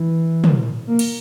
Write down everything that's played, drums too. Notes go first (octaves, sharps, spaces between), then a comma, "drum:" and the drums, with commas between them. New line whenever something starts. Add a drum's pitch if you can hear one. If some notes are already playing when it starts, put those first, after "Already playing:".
Already playing: E3
drum: tom
A#3
drum: cymbal